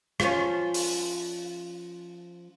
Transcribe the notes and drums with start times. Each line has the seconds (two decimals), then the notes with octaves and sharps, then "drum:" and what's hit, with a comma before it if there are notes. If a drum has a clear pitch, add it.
0.20 F3 C#4, drum: rim click
0.74 drum: open hi-hat